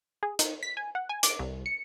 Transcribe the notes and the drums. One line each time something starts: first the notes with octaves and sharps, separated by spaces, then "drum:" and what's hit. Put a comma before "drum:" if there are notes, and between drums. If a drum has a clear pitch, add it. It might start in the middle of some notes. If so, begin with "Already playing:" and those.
G#4
D#4, drum: hi-hat
B6
G#5
F#5
G#5
D6, drum: hi-hat
C2
C#7